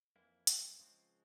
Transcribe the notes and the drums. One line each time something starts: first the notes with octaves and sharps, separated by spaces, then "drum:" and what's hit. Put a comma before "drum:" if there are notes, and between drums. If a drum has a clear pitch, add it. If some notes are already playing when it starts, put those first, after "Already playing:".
F2 E3 A#3 E4
drum: hi-hat
C#2 C#3 F3 G#3 C4